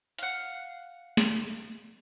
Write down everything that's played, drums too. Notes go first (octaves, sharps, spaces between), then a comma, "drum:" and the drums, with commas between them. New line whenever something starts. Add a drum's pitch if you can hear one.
F5 F#5, drum: hi-hat
drum: snare